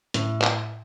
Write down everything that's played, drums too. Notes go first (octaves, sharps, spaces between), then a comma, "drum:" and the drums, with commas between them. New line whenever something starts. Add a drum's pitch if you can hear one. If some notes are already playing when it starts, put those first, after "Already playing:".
A2, drum: hi-hat
drum: clap